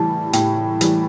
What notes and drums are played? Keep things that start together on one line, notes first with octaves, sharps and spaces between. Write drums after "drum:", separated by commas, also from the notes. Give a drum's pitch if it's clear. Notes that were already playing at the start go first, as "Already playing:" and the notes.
Already playing: A2 E3 G3 A5
A2 G5, drum: hi-hat
E3 G3, drum: hi-hat